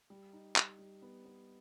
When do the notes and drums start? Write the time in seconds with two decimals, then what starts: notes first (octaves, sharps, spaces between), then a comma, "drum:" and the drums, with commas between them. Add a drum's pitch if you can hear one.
0.10 G3
0.33 D#4
0.56 G3, drum: clap
0.79 G3
1.02 B3
1.25 B3